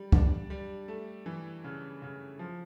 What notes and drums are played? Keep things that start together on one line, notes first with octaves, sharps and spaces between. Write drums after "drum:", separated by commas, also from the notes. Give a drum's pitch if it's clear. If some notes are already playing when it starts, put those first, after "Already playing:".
Already playing: G3
D4, drum: kick C#2
G3
A3
E3
C#3
C#3
F3